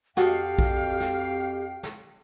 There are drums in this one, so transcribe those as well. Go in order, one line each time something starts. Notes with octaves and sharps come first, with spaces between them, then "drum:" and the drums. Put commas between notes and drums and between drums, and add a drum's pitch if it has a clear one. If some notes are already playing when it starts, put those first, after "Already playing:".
F2 F#4 G4 A4 F5 G5 D#6, drum: snare
drum: kick A#1
drum: snare
drum: snare